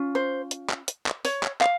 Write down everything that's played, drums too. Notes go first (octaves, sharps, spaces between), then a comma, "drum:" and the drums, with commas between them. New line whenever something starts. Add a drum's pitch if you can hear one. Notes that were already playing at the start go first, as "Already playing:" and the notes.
Already playing: C#4 F4
C5
drum: hi-hat
drum: clap
drum: hi-hat
drum: clap
C#5, drum: open hi-hat
drum: clap
F5, drum: clap